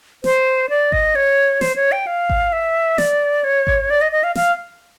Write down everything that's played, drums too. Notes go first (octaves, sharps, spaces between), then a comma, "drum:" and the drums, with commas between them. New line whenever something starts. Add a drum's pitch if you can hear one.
C5, drum: snare
D5
D#5, drum: kick G#1
C#5
C5, drum: snare
C#5
G5
F5
drum: kick G#1
E5
D5, drum: snare
C#5
drum: kick G#1
D5
D#5
D#5
F5
F5, drum: snare